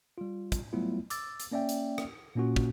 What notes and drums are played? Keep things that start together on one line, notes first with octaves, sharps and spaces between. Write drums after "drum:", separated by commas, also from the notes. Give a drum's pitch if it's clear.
G3 F4
drum: kick, hi-hat
F#3 G3 A3 B3 E4 F4
D6 E6 A6, drum: hi-hat
drum: hi-hat
A#3 C#4 D5 E5 G5
drum: hi-hat
drum: rim click
A#2 A#3 C#4 F4 F#4
drum: kick